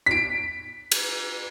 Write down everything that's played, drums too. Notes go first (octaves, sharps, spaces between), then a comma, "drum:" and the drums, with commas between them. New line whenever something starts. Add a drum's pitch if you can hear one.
B6 D7
drum: cymbal